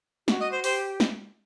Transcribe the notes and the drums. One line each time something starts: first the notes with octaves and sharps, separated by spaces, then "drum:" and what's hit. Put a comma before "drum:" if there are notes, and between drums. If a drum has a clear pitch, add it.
F#4, drum: snare
D#5
C5
G4 C5, drum: open hi-hat
drum: snare